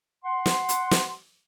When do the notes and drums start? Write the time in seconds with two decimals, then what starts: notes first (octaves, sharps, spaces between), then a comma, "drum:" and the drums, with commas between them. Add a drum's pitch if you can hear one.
0.24 F#5 C6
0.46 drum: snare
0.69 drum: hi-hat
0.91 drum: snare